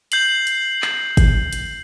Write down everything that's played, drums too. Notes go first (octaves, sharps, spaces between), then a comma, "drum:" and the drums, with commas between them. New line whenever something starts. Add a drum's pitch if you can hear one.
G6 C7 F#7, drum: hi-hat
drum: hi-hat
drum: clap
drum: kick, hi-hat
drum: hi-hat